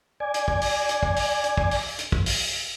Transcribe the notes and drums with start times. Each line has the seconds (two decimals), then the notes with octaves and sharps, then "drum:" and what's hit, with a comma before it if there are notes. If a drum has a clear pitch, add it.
0.20 D5 G#5
0.34 drum: hi-hat
0.48 drum: kick
0.61 drum: open hi-hat
0.89 drum: hi-hat
1.03 drum: kick
1.16 drum: open hi-hat
1.44 drum: hi-hat
1.57 drum: kick
1.71 drum: open hi-hat
1.99 drum: hi-hat
2.12 drum: kick
2.26 drum: open hi-hat